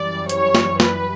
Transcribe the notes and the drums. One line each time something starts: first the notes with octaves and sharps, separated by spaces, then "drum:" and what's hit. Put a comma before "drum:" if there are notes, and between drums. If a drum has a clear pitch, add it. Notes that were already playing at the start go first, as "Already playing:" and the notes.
Already playing: F#2 E3 G3 D5
C#5, drum: hi-hat
drum: snare
B4, drum: snare